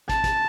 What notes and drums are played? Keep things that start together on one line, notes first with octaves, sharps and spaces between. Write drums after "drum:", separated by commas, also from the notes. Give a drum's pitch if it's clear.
A5, drum: kick, hi-hat
drum: kick, hi-hat